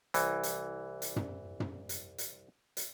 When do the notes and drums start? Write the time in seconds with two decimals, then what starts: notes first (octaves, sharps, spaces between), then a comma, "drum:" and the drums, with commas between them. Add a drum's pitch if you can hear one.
0.14 C2 E3, drum: hi-hat
0.43 drum: hi-hat
1.02 drum: hi-hat
1.16 drum: tom
1.60 drum: tom
1.89 drum: hi-hat
2.18 drum: hi-hat
2.77 drum: hi-hat